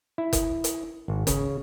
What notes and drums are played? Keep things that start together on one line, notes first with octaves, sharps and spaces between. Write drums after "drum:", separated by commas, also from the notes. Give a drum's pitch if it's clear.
E4
drum: kick F#1, hi-hat
drum: hi-hat
G#1
C#3, drum: kick F#1, hi-hat